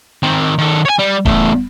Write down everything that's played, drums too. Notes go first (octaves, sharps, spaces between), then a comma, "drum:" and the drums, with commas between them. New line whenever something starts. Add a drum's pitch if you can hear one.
D#3 C4
D#3 A4
C#5 G#5
G3
E2 A3, drum: kick D#1